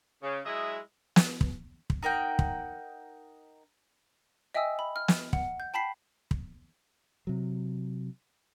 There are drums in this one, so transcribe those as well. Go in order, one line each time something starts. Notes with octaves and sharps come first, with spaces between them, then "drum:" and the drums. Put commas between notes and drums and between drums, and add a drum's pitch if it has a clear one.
C#3
F#3 G#3 E4 G#4 D#5 E5
drum: snare
drum: kick
drum: kick
D#4 A#4 F#5 G5
drum: kick
D#5 E5 G5 G#5 D#6 E6
B5
F6
drum: snare
F#5, drum: kick
G6
G5 A5 B5 B6 C7
drum: kick
C3 F#3